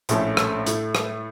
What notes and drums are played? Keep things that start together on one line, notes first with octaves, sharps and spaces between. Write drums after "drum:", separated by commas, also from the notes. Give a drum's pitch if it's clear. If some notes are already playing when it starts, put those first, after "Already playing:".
A#1 A2 A3 C#4 A4, drum: hi-hat
drum: rim click
A2 A3, drum: hi-hat
drum: rim click